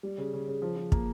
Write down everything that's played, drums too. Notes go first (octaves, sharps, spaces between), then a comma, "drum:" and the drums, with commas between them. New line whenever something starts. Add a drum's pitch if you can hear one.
G3
C#3
C#3
C#3
F3
F3
A#3, drum: kick